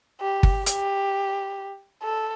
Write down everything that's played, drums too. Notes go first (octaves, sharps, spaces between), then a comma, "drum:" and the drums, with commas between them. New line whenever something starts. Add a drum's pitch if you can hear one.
G4
drum: kick G1
G4, drum: hi-hat
A4